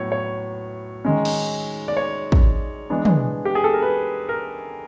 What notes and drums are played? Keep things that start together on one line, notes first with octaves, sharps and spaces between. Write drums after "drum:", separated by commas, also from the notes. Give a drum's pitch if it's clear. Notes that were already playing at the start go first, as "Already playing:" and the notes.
Already playing: A2 F#3 B3 C#5
C#5
D#3 G#3 C#4
drum: cymbal
D5
C#5
drum: kick
E3 G#3 B3 D4
drum: tom
G4
G#4
A4
A#4
B4
A#4